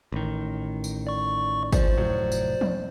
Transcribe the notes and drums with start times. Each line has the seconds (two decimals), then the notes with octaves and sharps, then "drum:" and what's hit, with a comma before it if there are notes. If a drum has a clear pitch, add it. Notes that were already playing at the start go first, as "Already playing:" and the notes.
0.12 A1 D#3
0.84 drum: tambourine
1.07 D5 C#6
1.73 E3 F3 C5 D5, drum: kick, tambourine
1.98 F1 A2 F#3
2.32 drum: tambourine
2.61 drum: tom F3